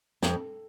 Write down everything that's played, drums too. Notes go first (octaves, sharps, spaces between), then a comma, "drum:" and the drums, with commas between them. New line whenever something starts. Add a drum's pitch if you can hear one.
F2, drum: snare